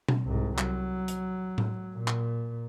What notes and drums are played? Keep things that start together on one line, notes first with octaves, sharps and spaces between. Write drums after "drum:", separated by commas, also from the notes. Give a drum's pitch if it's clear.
drum: tom B2
C2 G#2
F#3, drum: clap
drum: hi-hat
drum: tom A2
A#2
drum: clap